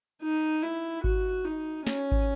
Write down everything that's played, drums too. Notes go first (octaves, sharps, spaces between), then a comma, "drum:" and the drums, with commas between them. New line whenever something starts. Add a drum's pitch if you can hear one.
D#4
E4
F#4, drum: kick G#1
D#4
C#4, drum: snare
drum: kick G#1